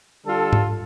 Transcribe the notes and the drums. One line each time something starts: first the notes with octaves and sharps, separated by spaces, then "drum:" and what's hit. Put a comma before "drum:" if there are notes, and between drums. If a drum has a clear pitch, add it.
D3 G3 F4 A4
drum: tom G#2